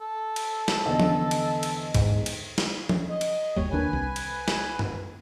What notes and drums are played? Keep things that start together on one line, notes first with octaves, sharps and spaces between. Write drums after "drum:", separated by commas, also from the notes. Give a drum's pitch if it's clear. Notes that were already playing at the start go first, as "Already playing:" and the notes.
A4
drum: cymbal
drum: snare
E2 D3 D#5
drum: tom F3
drum: cymbal
drum: cymbal
G#2, drum: kick B1, cymbal
drum: cymbal
drum: snare
drum: tom F3
D#5
drum: cymbal
F#1 D#2 G3 C#5
D#2 D#3 D4 B4 G#5
C2
drum: cymbal
drum: snare
drum: tom F#2